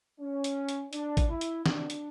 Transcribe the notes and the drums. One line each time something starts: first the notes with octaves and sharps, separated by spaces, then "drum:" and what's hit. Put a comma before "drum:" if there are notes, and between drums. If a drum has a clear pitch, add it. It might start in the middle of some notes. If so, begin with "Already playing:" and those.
C#4
drum: hi-hat
drum: hi-hat
D4, drum: hi-hat
drum: kick, hi-hat
E4
drum: hi-hat
D4, drum: snare
drum: hi-hat